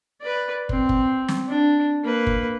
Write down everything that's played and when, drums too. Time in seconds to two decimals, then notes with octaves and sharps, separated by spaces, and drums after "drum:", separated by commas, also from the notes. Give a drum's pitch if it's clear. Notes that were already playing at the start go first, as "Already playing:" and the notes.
0.21 B4 D5
0.69 C4, drum: kick
0.89 drum: kick
1.28 drum: snare
1.48 D4
2.04 A#3 B4
2.27 drum: kick